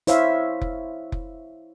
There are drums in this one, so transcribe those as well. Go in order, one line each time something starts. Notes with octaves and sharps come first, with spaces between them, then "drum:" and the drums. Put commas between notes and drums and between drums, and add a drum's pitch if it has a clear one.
E4 C5 C#5 E5 F5, drum: hi-hat
drum: kick F1
drum: kick F1